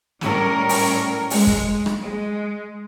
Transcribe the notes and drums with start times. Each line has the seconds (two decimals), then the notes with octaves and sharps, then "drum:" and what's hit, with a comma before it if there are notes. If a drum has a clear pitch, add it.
0.21 A2 G3 C#4 A#4, drum: snare
0.69 drum: open hi-hat
1.30 G#3, drum: open hi-hat
1.47 drum: kick
1.86 drum: rim click
2.04 G#3